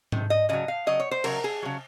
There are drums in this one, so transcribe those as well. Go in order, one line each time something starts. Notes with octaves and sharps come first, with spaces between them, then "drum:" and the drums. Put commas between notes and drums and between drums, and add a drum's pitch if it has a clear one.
C3 D#3, drum: tom G#2
D#5
C#3 F#3 D#5
F5
C#3 F#3 D#5
C#5
C5
C#3 F#3 A#4, drum: cymbal
G#4
C#3 F#3